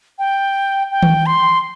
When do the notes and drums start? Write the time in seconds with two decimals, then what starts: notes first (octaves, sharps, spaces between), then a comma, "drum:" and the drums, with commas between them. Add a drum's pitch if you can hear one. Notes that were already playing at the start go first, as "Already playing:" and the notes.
0.19 G5
0.91 G5
1.03 drum: tom D#3
1.26 C6